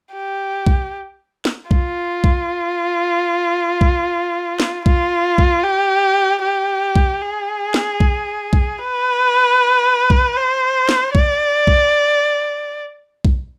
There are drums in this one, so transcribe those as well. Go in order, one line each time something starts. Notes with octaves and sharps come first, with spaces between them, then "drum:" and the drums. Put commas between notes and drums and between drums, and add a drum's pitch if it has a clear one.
G4
drum: kick B1
drum: snare
F4, drum: kick B1
drum: kick B1
drum: kick B1
drum: snare
F4, drum: kick B1
drum: kick B1
G4
G4
drum: kick B1
G#4
drum: snare
drum: kick B1
drum: kick B1
B4
drum: kick B1
C5
drum: snare
D5, drum: kick B1
drum: kick B1
drum: kick B1